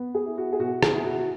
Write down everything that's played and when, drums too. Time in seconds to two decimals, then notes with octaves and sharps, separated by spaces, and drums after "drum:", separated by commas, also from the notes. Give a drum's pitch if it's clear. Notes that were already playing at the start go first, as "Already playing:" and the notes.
Already playing: B3
0.14 G#4
0.26 E4
0.38 F#4
0.53 G#4
0.59 B2 F#4
0.83 G#4, drum: rim click
0.93 E4
1.04 F#4
1.19 F#4